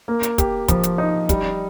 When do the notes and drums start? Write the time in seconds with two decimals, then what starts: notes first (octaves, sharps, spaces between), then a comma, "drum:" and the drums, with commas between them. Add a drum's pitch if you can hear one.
0.08 A#3
0.23 drum: hi-hat
0.38 G4, drum: kick, hi-hat
0.68 F3, drum: kick, hi-hat
0.83 drum: hi-hat
0.98 D#4
1.29 G3, drum: kick, hi-hat